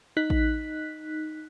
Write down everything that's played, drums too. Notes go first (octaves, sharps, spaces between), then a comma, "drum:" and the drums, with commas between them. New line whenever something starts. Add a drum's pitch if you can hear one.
D#4 F#6 B6
drum: kick A1